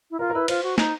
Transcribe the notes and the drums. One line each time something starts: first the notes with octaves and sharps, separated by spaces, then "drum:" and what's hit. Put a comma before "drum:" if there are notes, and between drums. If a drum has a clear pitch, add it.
E4
F4 A#4
A#4
E4 B4
F4 C5, drum: cymbal
F#4
D#4, drum: snare